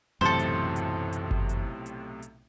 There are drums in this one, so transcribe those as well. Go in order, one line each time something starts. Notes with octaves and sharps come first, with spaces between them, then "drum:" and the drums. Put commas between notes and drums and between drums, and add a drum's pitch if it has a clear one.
B1 F#2 A2 C3 E3 A4 C5
drum: hi-hat
drum: hi-hat
drum: hi-hat
drum: kick G1
drum: hi-hat
drum: hi-hat
drum: hi-hat